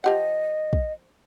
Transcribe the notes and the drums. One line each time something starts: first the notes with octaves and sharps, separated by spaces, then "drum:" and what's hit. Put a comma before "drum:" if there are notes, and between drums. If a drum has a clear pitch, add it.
F3 G4 D#5 F#5
drum: kick